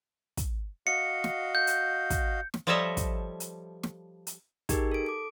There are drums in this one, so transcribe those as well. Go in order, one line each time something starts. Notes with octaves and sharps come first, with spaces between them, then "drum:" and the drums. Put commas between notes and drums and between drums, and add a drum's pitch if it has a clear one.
drum: kick, hi-hat
F#4 D#5 F5 C#7
drum: snare
G6
drum: hi-hat
drum: kick, hi-hat
drum: snare
F3 G3 A4 C#5 D#5 E5
drum: kick, hi-hat
drum: hi-hat
drum: snare
drum: hi-hat
D#4 G4 G#4 A#4, drum: kick, hi-hat
A4 D7
D6 D7